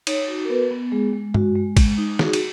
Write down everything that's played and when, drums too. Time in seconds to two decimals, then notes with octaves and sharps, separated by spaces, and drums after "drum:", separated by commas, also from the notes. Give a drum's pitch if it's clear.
0.07 D#4 C#5, drum: cymbal
0.28 F#4
0.45 A#4
0.49 B3 B4
0.71 B3
0.92 G#3 G#4
1.13 G#3
1.34 G#3 F#4, drum: tom G2
1.55 G#3
1.77 G#3, drum: kick A1, cymbal
1.98 D#4
2.19 F#4 G#4, drum: snare
2.33 drum: cymbal